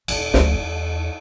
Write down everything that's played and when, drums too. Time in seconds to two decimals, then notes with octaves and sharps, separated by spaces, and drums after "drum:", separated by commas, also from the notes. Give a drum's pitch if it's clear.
0.08 D#1, drum: cymbal
0.34 D2 F#3, drum: snare
0.52 E2 G3